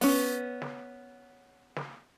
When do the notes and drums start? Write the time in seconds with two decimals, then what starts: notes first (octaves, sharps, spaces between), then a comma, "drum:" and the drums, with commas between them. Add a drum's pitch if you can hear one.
0.01 B3 C#4, drum: open hi-hat
0.62 drum: snare
1.76 drum: snare